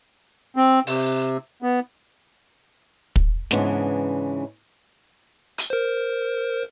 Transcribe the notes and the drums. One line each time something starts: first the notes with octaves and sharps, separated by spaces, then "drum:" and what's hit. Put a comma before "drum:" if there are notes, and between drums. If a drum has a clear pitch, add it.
C4
C3, drum: open hi-hat
B3
drum: kick
G#2 C#3 E3 B3 C#4 D4, drum: snare
drum: hi-hat
A#4 C5